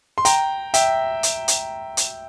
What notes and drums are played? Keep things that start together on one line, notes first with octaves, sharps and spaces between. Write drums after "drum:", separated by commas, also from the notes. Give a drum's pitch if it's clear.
C6
G5 A#5, drum: hi-hat
E5 G5, drum: hi-hat
drum: hi-hat
drum: hi-hat
drum: hi-hat